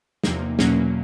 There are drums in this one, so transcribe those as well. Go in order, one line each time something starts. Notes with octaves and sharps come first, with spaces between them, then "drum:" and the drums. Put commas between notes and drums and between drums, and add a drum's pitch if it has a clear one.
E2 C3 F3 A#3 D#4, drum: snare
E2 B2 F#3 A#3 C#4, drum: snare